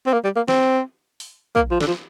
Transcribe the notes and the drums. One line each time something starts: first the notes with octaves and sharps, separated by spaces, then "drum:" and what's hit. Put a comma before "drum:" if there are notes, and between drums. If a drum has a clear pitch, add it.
C4
A#3
G3
A#3
C4, drum: snare
drum: open hi-hat
A#3, drum: kick
F3
D3, drum: snare
F3